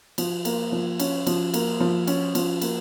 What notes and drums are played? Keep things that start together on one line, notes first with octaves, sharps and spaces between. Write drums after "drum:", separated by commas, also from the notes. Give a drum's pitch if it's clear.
F3, drum: cymbal
A#3, drum: cymbal
F3
C#4, drum: cymbal
F3, drum: cymbal
A#3, drum: cymbal
F3
C#4, drum: cymbal
F3, drum: cymbal
A#3, drum: cymbal